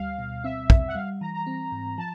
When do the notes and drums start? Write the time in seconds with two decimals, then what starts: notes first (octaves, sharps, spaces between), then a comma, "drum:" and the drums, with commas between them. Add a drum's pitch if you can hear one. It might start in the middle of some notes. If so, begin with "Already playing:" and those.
Already playing: D2 G3 F5
0.19 B2
0.44 C4 E5
0.70 E2, drum: kick
0.88 F#5
0.95 G3 F5
1.21 E3 A#5
1.34 A#5
1.47 C4
1.72 G#2
1.98 F3 A5